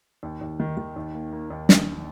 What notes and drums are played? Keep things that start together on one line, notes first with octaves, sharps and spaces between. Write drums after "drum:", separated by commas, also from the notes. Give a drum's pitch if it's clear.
D#2
D#2
D#3
D#3
D#2
A#3
A#3
D#2
A#1, drum: snare